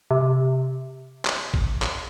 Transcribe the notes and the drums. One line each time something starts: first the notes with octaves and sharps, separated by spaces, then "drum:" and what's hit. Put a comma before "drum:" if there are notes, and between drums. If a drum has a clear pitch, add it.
C3
drum: clap
drum: kick
drum: clap